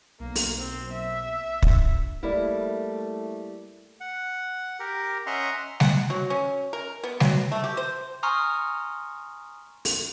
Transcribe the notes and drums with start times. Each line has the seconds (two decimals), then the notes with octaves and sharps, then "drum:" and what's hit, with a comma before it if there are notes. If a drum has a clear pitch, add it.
0.20 B1 A#3
0.36 drum: open hi-hat
0.58 C4
0.92 E5
1.63 A#1, drum: kick
2.23 G3 A3 A#3 E4
4.00 F#5
4.80 G4 A#4
5.27 C#4 D#5 E5 F#5 A#5 C6
5.80 F#5, drum: snare G3
6.10 F#3
6.30 C#4
6.73 A#4
7.04 B3
7.20 F#3, drum: snare G3
7.52 A3
7.64 G4
7.77 C5
8.23 G#5 A#5 C6 C#6 D#6 F6
9.85 drum: open hi-hat